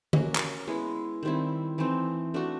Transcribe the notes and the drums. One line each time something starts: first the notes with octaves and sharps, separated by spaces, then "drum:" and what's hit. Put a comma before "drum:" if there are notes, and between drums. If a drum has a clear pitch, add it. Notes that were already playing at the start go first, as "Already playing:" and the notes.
A#3 C#4 F#4, drum: tom
drum: clap
G#3 B3 E4
D#3 G3 C4 E4
E3 A3 C4 D#4
A3 D4 F#4